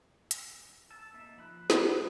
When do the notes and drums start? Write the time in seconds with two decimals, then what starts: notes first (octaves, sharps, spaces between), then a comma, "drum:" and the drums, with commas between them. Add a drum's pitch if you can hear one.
0.31 drum: hi-hat
0.90 A5 E6
1.14 A#3 D#4 E5
1.37 F3 B5 F#6
1.70 D#4, drum: snare
1.89 E4 B4